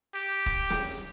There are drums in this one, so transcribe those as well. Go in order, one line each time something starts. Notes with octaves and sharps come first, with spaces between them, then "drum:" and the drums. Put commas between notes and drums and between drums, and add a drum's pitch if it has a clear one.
G4
drum: kick
drum: snare
drum: hi-hat